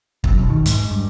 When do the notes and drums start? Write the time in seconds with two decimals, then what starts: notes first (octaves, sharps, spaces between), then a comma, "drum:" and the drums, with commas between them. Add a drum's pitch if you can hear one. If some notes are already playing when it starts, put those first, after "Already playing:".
0.24 F#2, drum: kick
0.37 B1
0.50 D#3
0.66 G#2, drum: hi-hat
0.91 G2